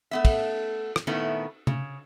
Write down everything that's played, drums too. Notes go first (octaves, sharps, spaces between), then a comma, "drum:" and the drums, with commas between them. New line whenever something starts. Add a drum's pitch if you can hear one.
A3 B3 E5
drum: kick, cymbal
drum: rim click
A#2 D#3 A3 B3 C#4 E4
C#3, drum: tom C3